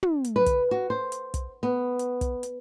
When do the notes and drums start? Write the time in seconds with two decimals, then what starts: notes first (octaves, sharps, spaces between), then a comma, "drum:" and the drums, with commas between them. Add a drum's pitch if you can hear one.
0.03 drum: tom
0.24 drum: hi-hat
0.36 B4
0.46 drum: kick, hi-hat
0.71 F#4
0.90 C5
1.12 drum: hi-hat
1.34 drum: kick, hi-hat
1.63 B3
1.99 drum: hi-hat
2.21 drum: kick, hi-hat
2.43 drum: hi-hat